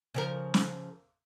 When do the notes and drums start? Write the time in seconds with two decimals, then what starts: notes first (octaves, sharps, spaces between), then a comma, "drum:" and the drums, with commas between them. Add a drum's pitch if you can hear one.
0.14 C#3 F3 A#4
0.54 drum: snare